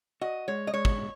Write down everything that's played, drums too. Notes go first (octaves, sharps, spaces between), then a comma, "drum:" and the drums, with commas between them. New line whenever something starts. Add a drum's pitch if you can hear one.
F#4 D#5
G#3 C#5
D#5
G#3 C#5
drum: kick